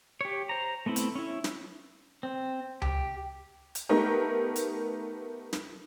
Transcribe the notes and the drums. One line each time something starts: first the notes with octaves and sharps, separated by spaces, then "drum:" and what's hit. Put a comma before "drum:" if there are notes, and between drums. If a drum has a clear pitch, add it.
G4 C#5
C5 A#5
A3 B3 C4 E4
drum: hi-hat
C#4 E4
drum: snare
C4
G4, drum: tom C#2
drum: hi-hat
A3 B3 D#4 G4 A#4
drum: hi-hat
drum: snare